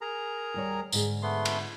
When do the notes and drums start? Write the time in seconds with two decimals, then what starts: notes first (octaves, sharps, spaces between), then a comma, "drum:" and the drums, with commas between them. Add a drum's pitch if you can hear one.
0.01 G#4 A#4 A#5
0.54 D#2 G3 C#5
0.93 G#2 D3 G#4, drum: tambourine
1.22 A3 B3 C6
1.45 drum: cymbal